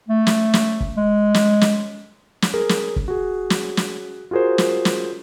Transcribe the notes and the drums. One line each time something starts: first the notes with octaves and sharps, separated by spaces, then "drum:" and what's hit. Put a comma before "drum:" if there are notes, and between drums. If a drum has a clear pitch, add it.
A3
drum: snare
drum: snare
drum: kick
G#3
drum: snare
drum: snare
drum: snare
G#4 A#4
drum: snare
drum: kick
F#4 G#4
drum: snare
drum: snare
F4 F#4 G#4 A#4 C5
drum: snare
drum: snare